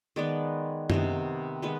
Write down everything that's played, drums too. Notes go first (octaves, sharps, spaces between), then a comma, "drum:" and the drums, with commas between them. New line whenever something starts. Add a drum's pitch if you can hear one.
D#3 G#3 B3 D5
C3 D#3 B3, drum: tom F#2
D#3 G#3 B3 B4